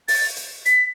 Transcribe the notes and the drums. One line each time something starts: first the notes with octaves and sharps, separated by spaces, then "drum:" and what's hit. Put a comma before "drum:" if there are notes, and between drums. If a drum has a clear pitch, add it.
A6, drum: open hi-hat
drum: hi-hat
B6, drum: hi-hat